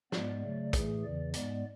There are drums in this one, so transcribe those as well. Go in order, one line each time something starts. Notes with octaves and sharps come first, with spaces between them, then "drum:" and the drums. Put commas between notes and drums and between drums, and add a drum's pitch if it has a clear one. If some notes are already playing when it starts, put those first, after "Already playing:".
G#2 G#3 B3 D5, drum: snare
C#3 F#3 A3
A2 E3 A3 G#4, drum: kick, hi-hat
E2 C#3 E3 D5
G#2 G#3 B3 D5, drum: hi-hat